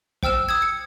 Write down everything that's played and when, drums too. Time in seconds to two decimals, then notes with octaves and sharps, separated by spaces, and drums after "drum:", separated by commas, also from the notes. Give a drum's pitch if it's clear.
0.23 C5 G5 E6 F6 E7, drum: kick
0.49 D#6 E6 G#6
0.62 C#7